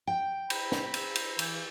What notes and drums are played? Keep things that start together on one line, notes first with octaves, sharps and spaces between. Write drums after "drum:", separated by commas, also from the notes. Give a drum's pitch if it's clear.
G5
C5 A#5 B5, drum: cymbal
drum: snare
drum: cymbal
drum: cymbal
E3, drum: cymbal